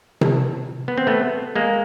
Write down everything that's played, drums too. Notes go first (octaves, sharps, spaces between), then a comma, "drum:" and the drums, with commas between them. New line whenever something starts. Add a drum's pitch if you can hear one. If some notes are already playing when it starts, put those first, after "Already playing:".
drum: tom C3
B3
C4
A3 B3
G#3 A#3